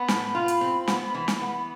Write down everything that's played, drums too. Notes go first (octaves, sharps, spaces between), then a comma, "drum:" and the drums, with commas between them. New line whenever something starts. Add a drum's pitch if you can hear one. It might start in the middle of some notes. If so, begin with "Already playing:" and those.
Already playing: B3 B5
A2, drum: snare
F4
drum: hi-hat
C4
B3, drum: snare
E3
drum: snare
B3